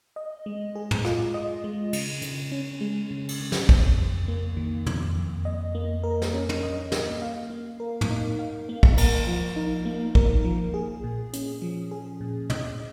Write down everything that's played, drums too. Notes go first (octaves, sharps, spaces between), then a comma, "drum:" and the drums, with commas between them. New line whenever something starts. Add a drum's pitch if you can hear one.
D#5
G#3
G#4
drum: tom
F4, drum: rim click
D#5
G#3
C#3, drum: cymbal
C#3, drum: hi-hat
C#4
G#3
C#3
drum: cymbal
C#3
drum: snare
F2, drum: kick
F2
A#3
D#3
F2, drum: tom
F2
D#5
A#3
A#4
drum: snare
C#4
drum: tom
D#5
A#3, drum: snare
F5
A#3
A#4
drum: tom
D#4
F5
A#3
drum: kick
A#4, drum: cymbal
F3
D#4
A#3
A#4, drum: kick
F3
G#4
A#2
C#4, drum: hi-hat
F3
G#4
A#2
D#5, drum: tom